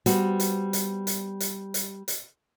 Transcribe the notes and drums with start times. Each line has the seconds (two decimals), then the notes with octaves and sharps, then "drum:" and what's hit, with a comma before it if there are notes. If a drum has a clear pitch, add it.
0.06 G3 B3 C4 F#4, drum: hi-hat
0.40 drum: hi-hat
0.73 drum: hi-hat
1.07 drum: hi-hat
1.40 drum: hi-hat
1.74 drum: hi-hat
2.08 drum: hi-hat